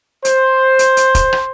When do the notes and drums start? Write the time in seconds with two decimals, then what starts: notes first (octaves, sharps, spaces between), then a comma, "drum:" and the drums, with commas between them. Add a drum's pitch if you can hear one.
0.25 C5, drum: hi-hat
0.79 drum: hi-hat
0.97 drum: hi-hat
1.15 drum: kick E1, hi-hat
1.33 drum: rim click